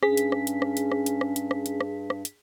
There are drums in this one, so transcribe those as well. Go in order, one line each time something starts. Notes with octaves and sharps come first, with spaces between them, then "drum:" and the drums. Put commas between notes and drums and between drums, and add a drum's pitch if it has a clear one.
G2 C#4 G#4 B6, drum: rim click
drum: hi-hat
drum: rim click
drum: hi-hat
drum: rim click
drum: hi-hat
drum: rim click
drum: hi-hat
drum: rim click
drum: hi-hat
drum: rim click
drum: hi-hat
drum: rim click
drum: rim click
drum: hi-hat